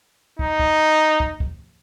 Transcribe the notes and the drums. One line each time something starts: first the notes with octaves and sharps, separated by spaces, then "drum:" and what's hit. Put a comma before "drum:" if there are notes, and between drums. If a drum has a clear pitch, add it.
D#4, drum: kick
drum: kick
drum: kick
drum: kick